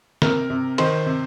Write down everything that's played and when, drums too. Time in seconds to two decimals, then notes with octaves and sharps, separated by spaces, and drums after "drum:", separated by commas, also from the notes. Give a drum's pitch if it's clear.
0.22 C3 A#4, drum: snare
0.50 C3
0.78 D#3 C5, drum: cymbal
1.06 C3